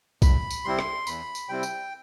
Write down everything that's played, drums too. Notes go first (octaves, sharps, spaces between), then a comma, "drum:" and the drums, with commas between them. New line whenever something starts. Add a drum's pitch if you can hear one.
E2 B5, drum: kick, tambourine
drum: tambourine
C3 G3 C4 E4 C6
drum: rim click
E2 B5, drum: tambourine
drum: tambourine
C3 G3 C4 E4 G5
drum: tambourine